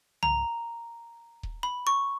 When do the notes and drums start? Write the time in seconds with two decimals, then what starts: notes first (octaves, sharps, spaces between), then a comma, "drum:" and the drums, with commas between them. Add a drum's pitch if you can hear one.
0.23 A#5, drum: tom C2
1.43 drum: kick D#1
1.63 B5
1.87 C#6